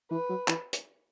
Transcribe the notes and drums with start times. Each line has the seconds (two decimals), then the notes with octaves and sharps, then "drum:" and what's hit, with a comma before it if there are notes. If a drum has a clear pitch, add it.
0.11 E3 B4
0.29 F#3
0.48 E3, drum: clap
0.73 drum: hi-hat